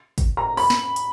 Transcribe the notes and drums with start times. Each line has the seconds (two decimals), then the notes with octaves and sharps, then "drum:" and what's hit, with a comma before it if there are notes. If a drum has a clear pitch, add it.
0.18 drum: kick, hi-hat
0.37 A#5
0.57 B5, drum: open hi-hat
0.70 drum: snare
0.96 drum: hi-hat